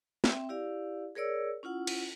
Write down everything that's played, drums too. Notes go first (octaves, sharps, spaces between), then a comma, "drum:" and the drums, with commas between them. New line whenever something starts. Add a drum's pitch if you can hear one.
C4 E5 G5, drum: snare
E4 G4 D5 F5
G#4 A#4 C#5 D5 E6
C#4 E4 F4 F#5
drum: cymbal